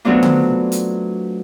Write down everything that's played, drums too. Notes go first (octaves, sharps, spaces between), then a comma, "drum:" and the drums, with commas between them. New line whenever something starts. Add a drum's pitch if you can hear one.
F#3 A3 B3 C4 D4 F4
drum: tom D3
drum: hi-hat